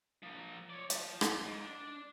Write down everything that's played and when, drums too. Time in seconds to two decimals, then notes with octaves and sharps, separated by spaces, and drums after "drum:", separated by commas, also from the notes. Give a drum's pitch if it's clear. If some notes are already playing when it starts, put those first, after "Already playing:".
0.23 F3 A#4
0.70 C#5 D5
0.90 F3, drum: hi-hat
1.21 drum: rim click
1.45 G#2
1.64 D4